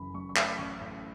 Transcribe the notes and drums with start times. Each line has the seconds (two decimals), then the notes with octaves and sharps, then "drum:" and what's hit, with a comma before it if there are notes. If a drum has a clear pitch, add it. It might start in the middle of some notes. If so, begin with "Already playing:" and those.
Already playing: F#1 F#2 E3 B5
0.14 F#2 C#6
0.29 C#6
0.36 A3 B5, drum: clap
0.58 A1 C#6
0.81 A2